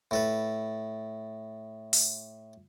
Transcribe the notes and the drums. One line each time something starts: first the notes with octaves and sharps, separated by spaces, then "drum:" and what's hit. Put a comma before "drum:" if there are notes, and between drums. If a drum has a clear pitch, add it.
A2 A4 B4
drum: open hi-hat